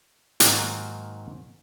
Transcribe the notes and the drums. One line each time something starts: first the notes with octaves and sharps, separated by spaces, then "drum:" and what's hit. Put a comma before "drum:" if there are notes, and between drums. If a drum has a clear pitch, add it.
G#2 D#3 F#3 A#3, drum: hi-hat